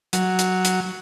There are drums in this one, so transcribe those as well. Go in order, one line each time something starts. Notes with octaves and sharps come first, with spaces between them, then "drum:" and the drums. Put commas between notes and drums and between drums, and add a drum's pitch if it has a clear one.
F#3, drum: hi-hat
drum: hi-hat
drum: hi-hat